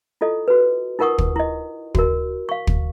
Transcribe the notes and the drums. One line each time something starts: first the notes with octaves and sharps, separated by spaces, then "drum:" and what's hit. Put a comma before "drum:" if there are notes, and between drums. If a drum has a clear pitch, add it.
E4 F4 A4 D#5
F#4 B4
D#4 F4 A#4 F#5 C#6 D#6
drum: kick
E4 D#5
F#4 A#4, drum: kick
F5 C#6
drum: kick